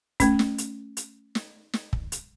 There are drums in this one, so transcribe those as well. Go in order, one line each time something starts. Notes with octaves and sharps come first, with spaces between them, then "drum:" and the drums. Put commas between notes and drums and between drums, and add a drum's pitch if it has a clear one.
A3 C#4, drum: kick, hi-hat
drum: snare
drum: hi-hat
drum: hi-hat
drum: snare
drum: snare
drum: kick
drum: hi-hat